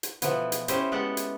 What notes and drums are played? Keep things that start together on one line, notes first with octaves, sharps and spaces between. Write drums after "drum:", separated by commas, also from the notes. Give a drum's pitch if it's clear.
drum: hi-hat
B2 E3 F3 A3 B3, drum: hi-hat
drum: hi-hat
A3 C#4 E4 G4 C5 D#5, drum: hi-hat
G#3 A3 B3 G4 A4 F#5
drum: hi-hat